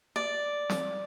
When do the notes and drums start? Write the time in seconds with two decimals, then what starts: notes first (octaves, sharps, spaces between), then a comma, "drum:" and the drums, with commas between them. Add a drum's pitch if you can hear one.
0.16 D5
0.70 drum: snare